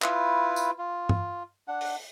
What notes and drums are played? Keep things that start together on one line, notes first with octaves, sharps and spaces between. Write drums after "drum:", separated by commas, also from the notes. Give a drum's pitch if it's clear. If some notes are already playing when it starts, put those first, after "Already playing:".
E4 F4 B4, drum: clap
drum: tambourine
F4
drum: tom G2
D4 F#5
drum: open hi-hat